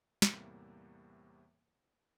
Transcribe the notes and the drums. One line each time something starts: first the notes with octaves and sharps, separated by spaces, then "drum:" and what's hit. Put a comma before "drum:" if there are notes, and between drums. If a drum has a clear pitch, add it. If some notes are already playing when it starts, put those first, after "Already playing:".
E2 A2 C3 G3 A#3 E4, drum: snare